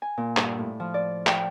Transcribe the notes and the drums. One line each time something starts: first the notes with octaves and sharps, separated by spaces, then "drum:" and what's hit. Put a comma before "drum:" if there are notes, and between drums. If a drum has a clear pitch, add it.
G#5
A#2
G2, drum: clap
A2
F3
D5
G5, drum: clap